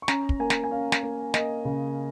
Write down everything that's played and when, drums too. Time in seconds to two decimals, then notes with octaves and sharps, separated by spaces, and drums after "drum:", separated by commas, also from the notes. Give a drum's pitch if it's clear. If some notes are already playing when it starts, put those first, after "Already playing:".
0.02 C#6
0.08 C#4 A#5, drum: snare
0.29 drum: kick
0.40 A#3 G#5
0.50 drum: snare
0.64 G#5
0.71 C#4 F5
0.92 drum: snare
1.03 A#3
1.34 A#3 D#5, drum: snare
1.65 C#3